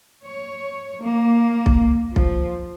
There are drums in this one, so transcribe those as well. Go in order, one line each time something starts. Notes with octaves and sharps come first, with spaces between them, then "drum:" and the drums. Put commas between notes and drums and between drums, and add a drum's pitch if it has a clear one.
C#5
A#3
drum: kick B1
F3, drum: kick B1